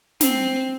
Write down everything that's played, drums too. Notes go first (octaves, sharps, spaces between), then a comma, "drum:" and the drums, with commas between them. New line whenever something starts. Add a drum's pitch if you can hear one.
C4, drum: snare